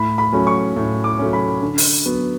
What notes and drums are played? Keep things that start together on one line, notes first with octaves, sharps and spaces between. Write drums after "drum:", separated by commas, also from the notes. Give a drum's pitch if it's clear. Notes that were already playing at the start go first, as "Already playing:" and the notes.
Already playing: A2 B5
B5
F#3 A3 C#4
C#6
A2
D6
F#3 A3 C#4
B5
D3
drum: open hi-hat
F#3 B3